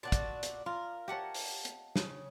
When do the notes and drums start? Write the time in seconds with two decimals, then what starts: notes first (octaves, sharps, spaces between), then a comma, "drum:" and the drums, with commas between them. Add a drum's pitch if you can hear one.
0.03 A#2 D4 F#4 D5 A5
0.12 drum: kick, hi-hat
0.43 drum: hi-hat
0.66 F4 A#4
1.08 G4 C#5 D#5 F#5 A5
1.34 drum: open hi-hat
1.65 drum: hi-hat
1.96 C#3, drum: snare